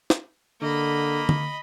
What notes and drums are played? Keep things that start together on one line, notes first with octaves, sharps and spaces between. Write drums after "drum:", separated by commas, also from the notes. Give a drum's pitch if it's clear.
drum: snare
D3 A#3 D#5 B5
drum: tom D3